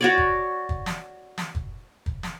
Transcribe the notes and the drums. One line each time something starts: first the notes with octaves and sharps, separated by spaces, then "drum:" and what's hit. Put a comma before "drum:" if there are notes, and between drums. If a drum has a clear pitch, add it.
F#4 C#5 D5
drum: kick
drum: kick
drum: snare
drum: snare
drum: kick
drum: kick
drum: snare